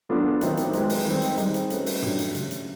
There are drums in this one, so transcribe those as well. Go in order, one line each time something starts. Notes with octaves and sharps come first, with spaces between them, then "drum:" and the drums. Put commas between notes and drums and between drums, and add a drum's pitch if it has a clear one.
F#3 B3 D4 F4 A4
D#3 F#3 A3 C4 D#4, drum: hi-hat
drum: hi-hat
G#3 C4 F4 G#4 B4, drum: hi-hat
drum: open hi-hat
D#3 G3 C4
drum: hi-hat
G3 C4 D#4 G#4, drum: hi-hat
drum: hi-hat
A3 C#4 F#4 B4, drum: hi-hat
drum: open hi-hat
F#3 A3 D4 G4, drum: tom
drum: hi-hat
C#3 F#3 A3, drum: hi-hat
drum: hi-hat